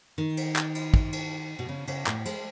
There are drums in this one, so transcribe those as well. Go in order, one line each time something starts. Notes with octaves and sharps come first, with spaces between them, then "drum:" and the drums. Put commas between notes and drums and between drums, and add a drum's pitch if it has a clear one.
D#3
drum: cymbal
drum: clap
drum: cymbal
drum: kick
drum: cymbal
B2
C#3
C#3, drum: cymbal
A2, drum: clap
G#3, drum: cymbal